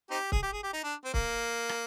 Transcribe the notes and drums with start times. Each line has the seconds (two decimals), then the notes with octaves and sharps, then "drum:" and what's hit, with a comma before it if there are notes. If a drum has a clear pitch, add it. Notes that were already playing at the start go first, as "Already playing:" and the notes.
0.11 C4 D#4 G4
0.32 G#4, drum: kick C#1
0.42 G4
0.53 G#4
0.63 G4
0.73 D#4
0.83 D4
1.05 C4
1.14 A#3, drum: kick C#1
1.69 drum: rim click